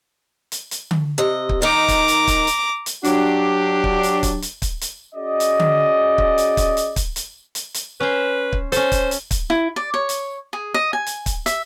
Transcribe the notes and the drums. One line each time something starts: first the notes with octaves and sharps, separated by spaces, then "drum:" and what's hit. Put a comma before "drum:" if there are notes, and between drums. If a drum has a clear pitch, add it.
drum: hi-hat
drum: hi-hat
drum: tom D3
C3 D#5
drum: kick
D#3 D#4 A#5 D6
drum: kick, hi-hat
drum: hi-hat
drum: kick, hi-hat
drum: hi-hat
drum: hi-hat
F#3 D4 G4, drum: hi-hat
drum: kick
drum: hi-hat
drum: kick, hi-hat
drum: hi-hat
drum: kick, hi-hat
drum: hi-hat
C#4 F#4 G#4 D5 D#5
drum: hi-hat
drum: tom D3
drum: kick
drum: hi-hat
drum: kick, hi-hat
drum: hi-hat
drum: kick, hi-hat
drum: hi-hat
drum: hi-hat
drum: hi-hat
C#4 B4 C5
drum: kick
C#4 A4 C5, drum: hi-hat
drum: kick, hi-hat
drum: hi-hat
drum: kick, hi-hat
E4
D5
C#5
drum: hi-hat
G#4
D#5
G#5
drum: hi-hat
drum: kick, hi-hat
E5, drum: hi-hat